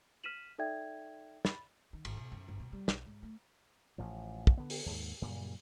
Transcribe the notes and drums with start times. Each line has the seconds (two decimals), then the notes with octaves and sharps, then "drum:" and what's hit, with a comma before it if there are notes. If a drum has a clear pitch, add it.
0.24 F6 B6 D#7 E7 F#7
0.58 D#4 A4 D5 E5 G5 G#6
1.45 B5 A6, drum: snare
1.93 D#3
2.05 G#1, drum: cymbal
2.17 B2
2.32 F#2
2.48 G1
2.60 B2
2.73 G3
2.88 B1, drum: snare
3.06 G#2
3.23 A3
3.98 A1 A2 F3
4.47 drum: kick
4.57 D3 B3
4.70 drum: open hi-hat
4.86 D#2 G#2
5.22 F#2 A#2 C#3 G3